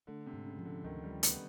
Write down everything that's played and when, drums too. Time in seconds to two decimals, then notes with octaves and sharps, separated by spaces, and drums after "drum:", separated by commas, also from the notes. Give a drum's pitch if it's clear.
0.07 D3 A3
0.26 C3
0.33 G#2
0.45 C#3
0.59 F3
0.65 D3
0.84 D2 D#3
1.04 G3
1.10 F3
1.23 B3, drum: hi-hat